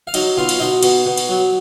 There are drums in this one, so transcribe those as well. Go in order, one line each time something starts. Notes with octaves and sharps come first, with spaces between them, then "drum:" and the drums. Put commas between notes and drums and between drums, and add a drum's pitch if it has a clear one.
F5
F#3 D#4 D#5, drum: cymbal
B2 F4 F5
drum: cymbal
B2 D#4 D#5
B2, drum: cymbal
B2
drum: cymbal
F#3